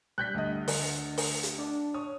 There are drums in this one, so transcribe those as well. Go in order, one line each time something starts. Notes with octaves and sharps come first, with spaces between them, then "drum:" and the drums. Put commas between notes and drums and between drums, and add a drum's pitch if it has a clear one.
G3 F#6 G6 B6
D2 D#5
D3, drum: open hi-hat
drum: open hi-hat
drum: hi-hat
D4
C#5 D#6